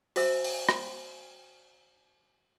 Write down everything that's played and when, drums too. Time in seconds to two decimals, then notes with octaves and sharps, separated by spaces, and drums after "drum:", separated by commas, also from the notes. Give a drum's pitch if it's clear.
0.16 F#4 C5 E5 E6, drum: open hi-hat
0.44 drum: open hi-hat
0.69 drum: rim click